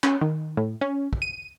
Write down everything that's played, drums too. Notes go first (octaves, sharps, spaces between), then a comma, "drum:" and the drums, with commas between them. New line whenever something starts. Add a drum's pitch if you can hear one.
C#4, drum: clap
D#3
A2
C#4
drum: kick
D#7